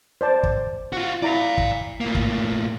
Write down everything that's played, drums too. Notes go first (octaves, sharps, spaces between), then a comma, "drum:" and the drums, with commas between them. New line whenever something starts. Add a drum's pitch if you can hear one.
C5 D5 A5
drum: kick
F4 F#4
E4 D5 F5 A#5
drum: kick
A2 A#3
drum: kick